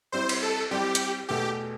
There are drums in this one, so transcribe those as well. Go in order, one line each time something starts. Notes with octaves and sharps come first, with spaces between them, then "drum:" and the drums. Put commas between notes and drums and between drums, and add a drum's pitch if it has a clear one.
G3 C4 E4 C5
drum: cymbal
A4
G3 C4 E4 G4
drum: hi-hat
E2 B2 A3 G4